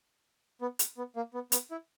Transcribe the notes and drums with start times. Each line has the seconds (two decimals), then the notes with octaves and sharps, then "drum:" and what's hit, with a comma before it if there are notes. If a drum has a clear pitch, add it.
0.61 B3
0.79 drum: hi-hat
0.97 B3
1.16 A#3
1.34 B3
1.52 B3, drum: hi-hat
1.71 E4